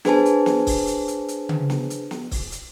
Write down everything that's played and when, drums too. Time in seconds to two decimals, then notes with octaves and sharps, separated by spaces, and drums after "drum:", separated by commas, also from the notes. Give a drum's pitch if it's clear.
0.05 D4 G#4 B4 C5 G#5 A5, drum: snare
0.25 drum: hi-hat
0.46 drum: snare
0.67 drum: kick C#1, open hi-hat
0.87 drum: hi-hat
1.08 drum: hi-hat
1.28 drum: hi-hat
1.49 drum: tom C#3
1.70 drum: snare
1.90 drum: hi-hat
2.11 drum: snare
2.31 drum: kick C#1, open hi-hat
2.52 drum: hi-hat